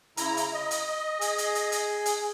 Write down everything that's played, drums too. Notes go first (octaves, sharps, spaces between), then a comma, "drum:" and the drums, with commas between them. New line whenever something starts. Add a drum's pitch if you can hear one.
C#3 E4 A#5, drum: hi-hat
drum: hi-hat
D#5
drum: hi-hat
G#4, drum: hi-hat
drum: hi-hat
drum: hi-hat
drum: hi-hat
drum: hi-hat